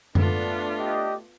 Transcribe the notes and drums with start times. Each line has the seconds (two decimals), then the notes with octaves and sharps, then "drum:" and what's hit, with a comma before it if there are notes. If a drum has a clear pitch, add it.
0.15 A3 B3 D4 F4, drum: tom F#2
0.78 G4 D#5